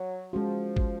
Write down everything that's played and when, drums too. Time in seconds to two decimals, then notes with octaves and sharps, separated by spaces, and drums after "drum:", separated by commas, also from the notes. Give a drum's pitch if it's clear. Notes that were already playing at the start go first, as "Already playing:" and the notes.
Already playing: F#3
0.33 F3 G#3 C#4 F#4
0.76 drum: kick